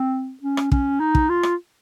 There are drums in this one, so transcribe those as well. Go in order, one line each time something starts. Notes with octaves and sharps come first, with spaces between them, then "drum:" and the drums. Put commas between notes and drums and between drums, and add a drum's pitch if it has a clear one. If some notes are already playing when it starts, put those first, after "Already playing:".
Already playing: C4
C#4
drum: rim click
C#4, drum: kick
D#4
drum: kick
F4
drum: rim click